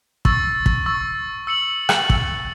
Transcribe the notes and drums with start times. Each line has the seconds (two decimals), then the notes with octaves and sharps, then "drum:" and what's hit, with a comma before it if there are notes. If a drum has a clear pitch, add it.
0.25 C#6 E6 A6, drum: kick
0.66 drum: kick
0.86 C#6 E6 A6
1.47 E6 C#7 F#7
1.89 drum: rim click
2.10 E6 C#7 F#7, drum: kick